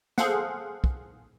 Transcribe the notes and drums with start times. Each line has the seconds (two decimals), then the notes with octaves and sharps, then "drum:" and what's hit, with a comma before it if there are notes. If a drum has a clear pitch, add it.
0.18 G#4 A4 C5 F5 F#5, drum: snare
0.84 drum: kick